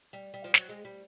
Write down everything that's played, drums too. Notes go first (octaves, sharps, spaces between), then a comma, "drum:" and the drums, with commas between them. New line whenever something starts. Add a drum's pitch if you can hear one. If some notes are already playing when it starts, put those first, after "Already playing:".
G3
G3
F3
F#3, drum: snare
G#3
G3